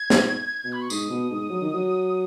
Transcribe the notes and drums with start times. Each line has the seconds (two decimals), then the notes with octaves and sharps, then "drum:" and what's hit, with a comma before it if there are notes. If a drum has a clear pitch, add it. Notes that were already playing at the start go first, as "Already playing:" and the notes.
Already playing: G#6
0.10 G#2, drum: snare
0.64 B2
0.73 B5
0.81 C#6
0.90 G#2 D#6, drum: tambourine
1.10 B2
1.30 G#2
1.50 F#3
1.61 D#3
1.74 F#3